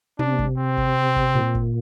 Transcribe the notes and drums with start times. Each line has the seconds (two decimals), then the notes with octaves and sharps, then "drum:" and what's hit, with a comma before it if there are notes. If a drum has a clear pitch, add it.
0.19 C3 D4, drum: tom
0.39 drum: kick G1
0.57 C4
0.77 drum: kick G1
1.16 drum: kick G1
1.35 A#2
1.55 drum: kick G1